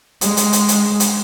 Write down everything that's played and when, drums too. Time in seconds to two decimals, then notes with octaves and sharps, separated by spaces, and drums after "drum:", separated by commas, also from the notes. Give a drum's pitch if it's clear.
0.21 G#3, drum: hi-hat
0.37 drum: hi-hat
0.53 drum: hi-hat
0.68 drum: hi-hat
1.00 drum: hi-hat